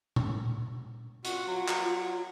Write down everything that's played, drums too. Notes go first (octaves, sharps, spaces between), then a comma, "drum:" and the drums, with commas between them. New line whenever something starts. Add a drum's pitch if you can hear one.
drum: tom
F4 F#4, drum: hi-hat
F#3
drum: clap